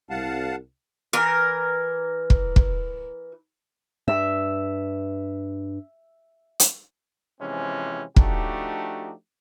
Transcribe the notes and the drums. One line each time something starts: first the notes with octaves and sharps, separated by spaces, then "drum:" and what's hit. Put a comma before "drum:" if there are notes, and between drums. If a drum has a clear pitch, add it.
C2 F5 F#5 A5
E3 A#4
drum: kick
drum: kick
G2 E5
drum: hi-hat
C3 E3 F3 G#3 C4 C#4
F3 A3 D4 D#4 F#4 G4, drum: kick